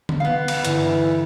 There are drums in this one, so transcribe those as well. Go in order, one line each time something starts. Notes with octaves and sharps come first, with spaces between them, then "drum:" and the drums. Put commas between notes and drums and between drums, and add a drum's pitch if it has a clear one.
drum: tom D3
B3 F5
drum: cymbal
G2 D3 E3 B6, drum: hi-hat